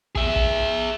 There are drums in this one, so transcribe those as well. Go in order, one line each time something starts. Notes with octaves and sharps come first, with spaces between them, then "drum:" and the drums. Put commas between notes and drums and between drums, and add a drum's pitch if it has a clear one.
G#4 E5, drum: kick
drum: kick